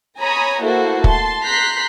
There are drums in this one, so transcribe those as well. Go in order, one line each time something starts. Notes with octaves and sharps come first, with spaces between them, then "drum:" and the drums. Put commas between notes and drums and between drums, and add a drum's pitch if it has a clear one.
C#5 G#5 A#5 B5 D#6
A3 A#3 E4 F#4 A4 C5
A5 C6, drum: kick
A#5 C6 F#6 G6 B6 C7